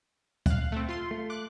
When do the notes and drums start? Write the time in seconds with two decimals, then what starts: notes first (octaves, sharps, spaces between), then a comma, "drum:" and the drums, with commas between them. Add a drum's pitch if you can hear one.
0.46 F5 F#6, drum: kick D2, hi-hat
0.72 A3 C4
0.89 F4 C6
1.11 A3
1.30 D6 F#6